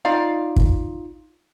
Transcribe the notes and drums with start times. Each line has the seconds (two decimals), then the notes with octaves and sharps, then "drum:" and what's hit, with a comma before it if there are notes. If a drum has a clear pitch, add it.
0.05 D#4 F4 D5 F5
0.56 drum: kick